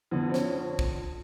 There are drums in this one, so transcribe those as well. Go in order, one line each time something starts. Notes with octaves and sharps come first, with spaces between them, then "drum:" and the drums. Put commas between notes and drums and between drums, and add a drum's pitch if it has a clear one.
F2 D3 B3
C4
C#4, drum: snare
drum: kick